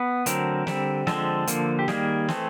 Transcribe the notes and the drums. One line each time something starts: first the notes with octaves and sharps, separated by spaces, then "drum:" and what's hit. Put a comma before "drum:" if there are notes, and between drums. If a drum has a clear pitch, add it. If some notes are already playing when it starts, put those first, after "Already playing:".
Already playing: B3
D3 F#3 A3 C4 A#4, drum: hi-hat
D3 G3 C4, drum: snare
D3 F3 G#3 C4 A4, drum: snare
D3 F3 A#3, drum: hi-hat
G4
D#3 G3 A#3 G#4, drum: snare
E3 A3 C4, drum: snare